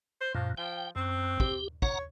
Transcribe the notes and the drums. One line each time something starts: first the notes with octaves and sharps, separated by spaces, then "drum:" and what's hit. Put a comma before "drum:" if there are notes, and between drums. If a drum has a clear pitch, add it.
C5
F#2 A#2 F3
F3 G5
F#2 C4
G4, drum: kick
C#5 F#5 A#5, drum: kick